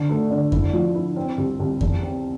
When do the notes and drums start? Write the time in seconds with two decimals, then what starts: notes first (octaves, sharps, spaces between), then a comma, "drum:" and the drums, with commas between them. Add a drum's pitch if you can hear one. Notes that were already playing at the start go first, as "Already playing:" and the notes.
Already playing: D3
0.09 A3
0.31 D3
0.52 E4, drum: kick F2
0.73 F3
0.95 E4
1.16 C4
1.38 C2
1.60 C2
1.81 E2, drum: kick F2
2.02 C4